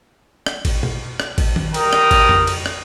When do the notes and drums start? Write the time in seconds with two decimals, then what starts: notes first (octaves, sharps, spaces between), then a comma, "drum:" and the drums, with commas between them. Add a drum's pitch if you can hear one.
0.46 drum: rim click
0.65 drum: kick G#1, cymbal
0.83 drum: tom B2
1.20 drum: rim click
1.38 drum: kick G#1, cymbal
1.56 drum: tom D#3
1.74 G3 A#4 G5 A#5 D#6, drum: cymbal
1.93 drum: rim click
2.11 drum: kick G#1, cymbal
2.29 drum: tom F2
2.47 drum: cymbal
2.66 drum: rim click